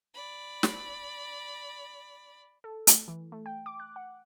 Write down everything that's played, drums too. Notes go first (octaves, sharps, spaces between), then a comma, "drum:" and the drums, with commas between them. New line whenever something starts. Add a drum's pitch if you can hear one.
D5 B5
drum: snare
A4
A3, drum: hi-hat
E3
A3
G5
D6
F#6
F#5